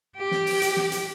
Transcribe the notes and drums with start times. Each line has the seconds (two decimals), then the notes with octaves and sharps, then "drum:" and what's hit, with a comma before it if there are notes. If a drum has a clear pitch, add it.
0.16 G4
0.31 drum: snare
0.46 drum: open hi-hat
0.62 drum: hi-hat
0.77 drum: snare
0.92 drum: hi-hat